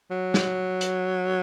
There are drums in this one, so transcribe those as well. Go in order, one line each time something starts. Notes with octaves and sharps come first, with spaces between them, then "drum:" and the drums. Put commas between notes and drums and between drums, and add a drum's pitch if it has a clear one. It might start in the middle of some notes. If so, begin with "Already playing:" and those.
F#3
drum: snare
drum: hi-hat